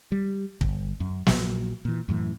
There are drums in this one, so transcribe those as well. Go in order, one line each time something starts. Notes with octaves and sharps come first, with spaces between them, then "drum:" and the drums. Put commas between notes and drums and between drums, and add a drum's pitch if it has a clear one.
G3
G1, drum: kick
F#2
A#1 A#2 F#3, drum: snare
A#2 E3
F#2 A2 E3